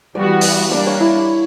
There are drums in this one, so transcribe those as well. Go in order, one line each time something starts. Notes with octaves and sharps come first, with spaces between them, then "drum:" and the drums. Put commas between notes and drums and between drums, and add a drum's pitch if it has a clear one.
E3 G3 B3 F#4 D5
drum: open hi-hat
G3 A#3 D4 D5
C#5
E4